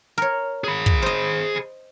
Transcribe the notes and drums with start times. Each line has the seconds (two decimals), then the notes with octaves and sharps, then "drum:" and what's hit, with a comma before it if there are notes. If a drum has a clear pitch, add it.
0.18 A#4 C#5
0.64 G#4 B5
0.86 drum: kick
1.02 C5 D#5